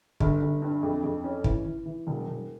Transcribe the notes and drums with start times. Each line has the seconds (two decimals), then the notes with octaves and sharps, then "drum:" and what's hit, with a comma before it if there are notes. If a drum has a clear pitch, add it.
0.20 G1, drum: kick
0.41 G1
0.62 G2
0.83 F2
1.03 F2
1.24 C#4
1.44 E3, drum: kick
1.66 E3
1.86 E3
2.07 E1
2.28 E1